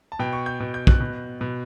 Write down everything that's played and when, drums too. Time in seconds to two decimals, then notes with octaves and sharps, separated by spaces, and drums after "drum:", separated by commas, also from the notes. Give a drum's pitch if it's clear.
0.12 A5
0.19 B2 G5
0.33 C#6
0.46 G6
0.60 B2
0.74 G6
0.87 F#6, drum: kick
1.00 B2
1.41 B2